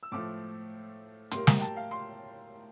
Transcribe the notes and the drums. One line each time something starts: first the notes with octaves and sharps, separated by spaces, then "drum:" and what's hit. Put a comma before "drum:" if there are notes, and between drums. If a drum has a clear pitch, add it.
E6
A2 F3 A3 D6
A2 G3 A#3 C6, drum: hi-hat
A#5, drum: snare
G5
A5
F5
C6